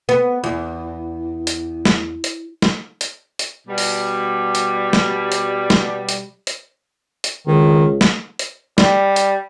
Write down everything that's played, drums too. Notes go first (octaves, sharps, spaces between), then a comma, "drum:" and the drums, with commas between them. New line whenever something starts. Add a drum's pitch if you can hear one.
B3
E2
drum: hi-hat
drum: snare
drum: hi-hat
drum: snare
drum: hi-hat
drum: hi-hat
B2 G3
drum: open hi-hat
drum: hi-hat
drum: snare
drum: hi-hat
drum: snare
drum: hi-hat
drum: hi-hat
drum: hi-hat
C#2 D#3
drum: snare
drum: hi-hat
G3, drum: snare
drum: hi-hat